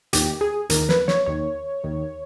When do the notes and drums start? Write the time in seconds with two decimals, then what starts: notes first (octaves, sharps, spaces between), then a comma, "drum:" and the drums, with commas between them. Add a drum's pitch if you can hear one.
0.13 D#2 D#3 G4, drum: hi-hat
0.41 G#4
0.70 D#2 D#3 A#4, drum: hi-hat
0.89 B4, drum: snare
1.08 C#5, drum: snare
1.26 D#2 D#3 C#5
1.84 D#2 D#3